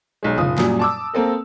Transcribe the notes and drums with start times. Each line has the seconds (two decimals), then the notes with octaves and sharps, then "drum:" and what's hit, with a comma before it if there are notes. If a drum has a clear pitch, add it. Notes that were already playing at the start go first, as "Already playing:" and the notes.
0.23 B1 G#3
0.38 F#1 F4 D#6, drum: tom
0.58 F#2 A#2 F#3 G3, drum: snare
0.79 A5 D6 E6
1.14 A#3 C4 A4 A#4